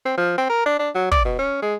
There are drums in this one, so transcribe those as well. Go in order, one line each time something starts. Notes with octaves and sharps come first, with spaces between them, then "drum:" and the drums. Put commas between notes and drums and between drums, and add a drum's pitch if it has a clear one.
C4
F3
C4
A#4
D4
D4
F#3
D5, drum: kick
B2
C#4
G#3